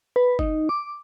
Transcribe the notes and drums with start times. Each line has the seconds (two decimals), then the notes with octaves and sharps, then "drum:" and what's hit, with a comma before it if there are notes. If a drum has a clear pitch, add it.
0.16 B4
0.39 D#4, drum: kick F#1
0.69 D6